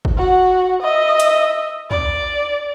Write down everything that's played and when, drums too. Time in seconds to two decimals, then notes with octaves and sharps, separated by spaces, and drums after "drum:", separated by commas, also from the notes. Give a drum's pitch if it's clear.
0.05 drum: kick
0.18 F#4 F#5
0.82 D#5 E5
1.20 drum: hi-hat
1.91 D5, drum: tom